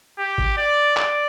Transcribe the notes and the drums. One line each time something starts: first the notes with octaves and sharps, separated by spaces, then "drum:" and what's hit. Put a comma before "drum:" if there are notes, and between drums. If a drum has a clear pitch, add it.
G4
drum: kick G#1
D5
D5, drum: clap